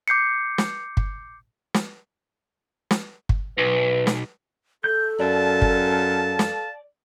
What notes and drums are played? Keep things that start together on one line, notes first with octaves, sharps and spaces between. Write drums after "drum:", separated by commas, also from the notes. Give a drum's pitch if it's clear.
D6 G6 C7 C#7
drum: snare
drum: kick
drum: snare
drum: snare
drum: kick
B1 B4
drum: snare
A4 G6
F#2 D5 F5 A5
drum: kick
drum: snare